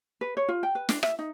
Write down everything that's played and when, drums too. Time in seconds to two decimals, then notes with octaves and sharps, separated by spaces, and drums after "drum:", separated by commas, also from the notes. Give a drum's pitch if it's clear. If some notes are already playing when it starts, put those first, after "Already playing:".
0.21 B4
0.37 C#5
0.48 F4
0.63 G5
0.75 B4
0.89 D4, drum: snare
1.03 E5, drum: rim click
1.19 D#4